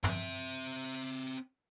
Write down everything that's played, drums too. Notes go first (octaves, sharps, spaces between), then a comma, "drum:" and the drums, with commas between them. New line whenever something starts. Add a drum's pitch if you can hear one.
C4 E5, drum: tom